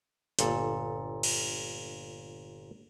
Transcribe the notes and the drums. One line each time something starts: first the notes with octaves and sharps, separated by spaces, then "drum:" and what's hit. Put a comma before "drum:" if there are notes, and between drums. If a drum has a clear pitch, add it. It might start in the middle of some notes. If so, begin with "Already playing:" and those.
G1 A#2 A4, drum: hi-hat
drum: cymbal